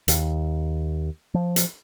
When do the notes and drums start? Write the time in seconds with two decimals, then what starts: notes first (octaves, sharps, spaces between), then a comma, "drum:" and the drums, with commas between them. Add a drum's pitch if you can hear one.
0.08 D#2, drum: hi-hat
1.34 F3
1.56 drum: hi-hat